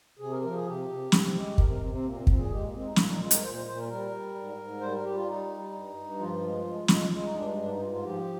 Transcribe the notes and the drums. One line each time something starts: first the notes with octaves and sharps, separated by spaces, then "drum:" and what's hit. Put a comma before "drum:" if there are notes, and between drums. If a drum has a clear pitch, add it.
C3 G#4
A#4
F3 A#4
G#4
C3 G4
C3
C3, drum: snare
G#3
C3 A#4, drum: kick
A#4
C3 C4
C4
A#2 A#3
C4
A#2 C4, drum: kick
G#4
G#3 G4
A#3
G#3 C4
D#4
A#2 F4, drum: snare
D#4
G#3 F4
A#4, drum: hi-hat
A#2 C5
C5
A#2 C5
A#4
G3 A#4
G3
G#2
G#2
G3 C5
A#4
G3 G4
F4
G3 D#4
G3
G2
G2
F3 F4
G#3
G#3
G#3, drum: snare
G#3 F4
D#4
G2 D4
G#2 D4
D#4
G#2 F4
F4
F3 G4